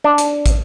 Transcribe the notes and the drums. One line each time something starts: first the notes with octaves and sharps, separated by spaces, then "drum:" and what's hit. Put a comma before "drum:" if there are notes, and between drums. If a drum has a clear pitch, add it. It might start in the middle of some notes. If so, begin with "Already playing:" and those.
D4
drum: hi-hat
drum: kick, hi-hat